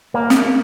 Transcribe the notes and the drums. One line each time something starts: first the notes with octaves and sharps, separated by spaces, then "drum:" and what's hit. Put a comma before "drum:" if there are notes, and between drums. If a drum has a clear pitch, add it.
A#3
drum: snare